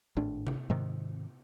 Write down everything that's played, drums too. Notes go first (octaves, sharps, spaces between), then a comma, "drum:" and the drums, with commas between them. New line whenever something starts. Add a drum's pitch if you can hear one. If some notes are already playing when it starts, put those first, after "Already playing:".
G#1 A2 D4
drum: tom C3
G#2 C3 D#3